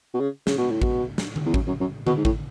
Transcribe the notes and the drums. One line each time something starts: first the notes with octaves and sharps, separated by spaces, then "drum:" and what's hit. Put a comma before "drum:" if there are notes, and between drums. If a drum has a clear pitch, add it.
B2
C#3
C#3, drum: snare
B2
A2
B2, drum: kick
drum: snare
drum: tom D3
E2
F#2, drum: kick
F#2
F#2
B2, drum: tom D3
G#2
A2, drum: kick